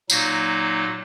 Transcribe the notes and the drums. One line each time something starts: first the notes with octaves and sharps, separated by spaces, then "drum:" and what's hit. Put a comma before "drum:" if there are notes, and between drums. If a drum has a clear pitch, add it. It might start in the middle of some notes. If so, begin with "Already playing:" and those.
A#2 F#3 A#3 D#4 F#4, drum: tambourine